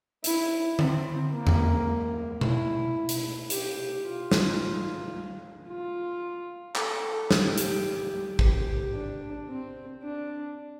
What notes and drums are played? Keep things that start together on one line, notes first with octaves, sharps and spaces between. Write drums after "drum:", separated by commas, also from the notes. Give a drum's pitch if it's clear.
E4, drum: hi-hat
C4, drum: tom D3
A#3
drum: tom E2
E4, drum: tom B2
drum: hi-hat
G4, drum: hi-hat
F4
drum: snare
F4
A4, drum: clap
G4, drum: snare
drum: hi-hat
G4, drum: kick
D4
C4
D4